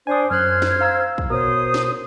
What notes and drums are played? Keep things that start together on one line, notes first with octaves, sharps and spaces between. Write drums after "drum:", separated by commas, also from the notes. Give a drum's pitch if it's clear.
D4 C5 D5 G#5 D#6
F#2 C5 F6 F#6 G#6
drum: snare
F5 A#5 E6
drum: kick
B2 A#4 C5 C#5 D#6
drum: snare